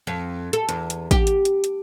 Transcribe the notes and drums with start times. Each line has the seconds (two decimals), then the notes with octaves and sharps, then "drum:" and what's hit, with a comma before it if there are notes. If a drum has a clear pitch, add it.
0.07 F2
0.53 A4, drum: hi-hat
0.69 E2, drum: hi-hat
0.90 drum: hi-hat
1.11 G4, drum: kick A1, hi-hat
1.27 drum: hi-hat
1.45 drum: hi-hat
1.64 drum: hi-hat